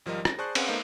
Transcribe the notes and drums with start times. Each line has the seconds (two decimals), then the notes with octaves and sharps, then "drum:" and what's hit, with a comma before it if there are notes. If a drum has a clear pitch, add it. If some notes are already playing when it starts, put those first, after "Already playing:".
0.06 G#1 F3 G3 A#4 D#5
0.25 A#6, drum: rim click
0.38 G#4 C5 D5 A5 C#6 F#6
0.55 C4 C#4 G#4 B4 F5 F#5, drum: cymbal
0.67 A3 B3 D#4 A#4 C5 F5